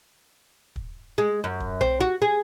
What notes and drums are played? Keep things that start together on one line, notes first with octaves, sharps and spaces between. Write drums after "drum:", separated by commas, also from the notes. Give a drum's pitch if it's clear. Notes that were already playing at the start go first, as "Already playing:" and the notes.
drum: kick
G#3
F#2
drum: kick
C4, drum: tom B1
F#4
G#4